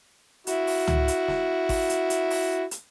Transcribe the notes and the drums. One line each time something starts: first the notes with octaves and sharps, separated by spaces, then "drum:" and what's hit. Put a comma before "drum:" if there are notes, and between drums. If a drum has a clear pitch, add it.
E4 F#4, drum: hi-hat
drum: open hi-hat
drum: tom
drum: hi-hat
drum: snare
drum: kick G#1, open hi-hat
drum: hi-hat
drum: hi-hat
drum: open hi-hat
drum: hi-hat